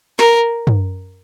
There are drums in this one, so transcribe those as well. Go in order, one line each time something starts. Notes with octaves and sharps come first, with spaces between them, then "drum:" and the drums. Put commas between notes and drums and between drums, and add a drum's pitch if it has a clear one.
A#4, drum: snare
drum: tom